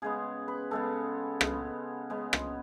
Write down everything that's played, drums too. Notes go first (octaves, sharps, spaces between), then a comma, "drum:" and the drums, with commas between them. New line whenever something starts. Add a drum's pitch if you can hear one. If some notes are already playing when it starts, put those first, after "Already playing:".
C#3 G#3 B3 G#4
B4
C#3 G#3 B3 A4
C#3 G#3 B3, drum: rim click
C#3 G#3 B3
drum: rim click